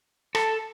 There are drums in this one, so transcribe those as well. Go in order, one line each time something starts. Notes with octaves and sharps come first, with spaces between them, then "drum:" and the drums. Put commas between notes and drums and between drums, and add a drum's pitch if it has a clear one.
A4, drum: rim click